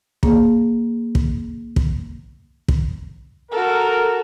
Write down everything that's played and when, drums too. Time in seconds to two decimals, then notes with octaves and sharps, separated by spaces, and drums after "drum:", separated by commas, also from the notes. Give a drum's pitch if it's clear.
0.23 A#3 G#4, drum: kick
1.15 drum: kick
1.76 drum: kick
2.68 drum: kick
3.52 F#4 A4 A#4